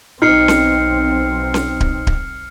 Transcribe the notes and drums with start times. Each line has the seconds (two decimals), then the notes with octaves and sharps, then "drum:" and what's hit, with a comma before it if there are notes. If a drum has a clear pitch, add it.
0.22 B1 C4 D#4 F6 C7 C#7
0.48 drum: snare C#4
1.54 drum: snare C#4
1.80 drum: kick D1
2.07 drum: kick D1